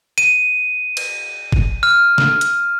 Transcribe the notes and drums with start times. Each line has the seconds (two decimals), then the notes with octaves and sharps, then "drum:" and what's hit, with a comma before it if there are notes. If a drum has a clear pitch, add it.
0.18 D#7, drum: hi-hat
0.97 drum: cymbal
1.52 drum: kick
1.83 F6
2.18 drum: snare
2.41 drum: hi-hat